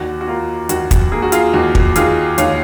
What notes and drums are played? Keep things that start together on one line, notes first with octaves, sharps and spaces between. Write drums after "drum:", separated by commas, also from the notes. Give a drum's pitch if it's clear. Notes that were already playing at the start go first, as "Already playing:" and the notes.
Already playing: D#2 F#4
F#4
A#3 F4
D#2 F#4, drum: hi-hat
drum: kick, hi-hat
A#3 G#4
F#4
F4 G#4, drum: hi-hat
D#2 F#4
drum: kick
D#2 F4 G#4, drum: hi-hat
D#2 C#5 F5, drum: hi-hat